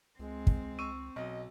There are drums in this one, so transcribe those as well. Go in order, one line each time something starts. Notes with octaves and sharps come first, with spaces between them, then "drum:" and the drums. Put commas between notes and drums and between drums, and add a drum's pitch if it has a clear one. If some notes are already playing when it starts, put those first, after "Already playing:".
C#2 G#3 C4
drum: kick
C#6 E6 D#7
B1 B2 D#5